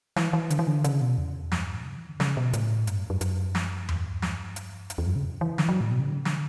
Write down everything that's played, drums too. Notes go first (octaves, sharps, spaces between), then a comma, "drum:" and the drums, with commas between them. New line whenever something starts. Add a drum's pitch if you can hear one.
E3, drum: snare
E3
D3, drum: hi-hat
E3
D3
C#3, drum: hi-hat
B2
E2
F#2, drum: snare
G2
A2
B2
C#3
E3
D3
C#3, drum: snare
B2
A2, drum: hi-hat
G2, drum: hi-hat
F#2
F#2
F#2, drum: hi-hat
drum: snare
G2, drum: tom E2
drum: snare
drum: hi-hat
F#2, drum: hi-hat
E2
F#2
C#3
E3
D3, drum: snare
E3
F#3
A2
B2
C#3
D3
C#3
D3, drum: snare